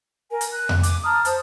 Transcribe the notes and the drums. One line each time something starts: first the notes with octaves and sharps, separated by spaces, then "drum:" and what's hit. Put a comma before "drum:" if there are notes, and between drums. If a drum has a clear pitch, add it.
A#4 G#5
drum: hi-hat
F#6
drum: tom F2
G#5 D6, drum: hi-hat
A5 A#5 D#6 F6
C5 A5, drum: hi-hat